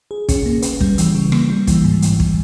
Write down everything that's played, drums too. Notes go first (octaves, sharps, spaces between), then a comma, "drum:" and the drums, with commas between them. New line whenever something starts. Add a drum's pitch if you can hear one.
G#4
C#4, drum: kick, hi-hat
A#3
B4, drum: hi-hat
G3, drum: kick
E3, drum: hi-hat
C#3
A#3, drum: rim click
G3
E3, drum: kick, hi-hat
G#2
drum: hi-hat
drum: kick